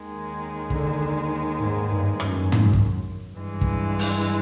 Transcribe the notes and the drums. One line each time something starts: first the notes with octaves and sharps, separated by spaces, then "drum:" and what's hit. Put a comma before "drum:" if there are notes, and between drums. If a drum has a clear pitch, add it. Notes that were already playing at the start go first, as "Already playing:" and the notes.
Already playing: D#2 D#3 G#3
D3, drum: kick
G#2
G2
F#2, drum: rim click
drum: tom
drum: kick
G2 E3 G#3
drum: kick
drum: open hi-hat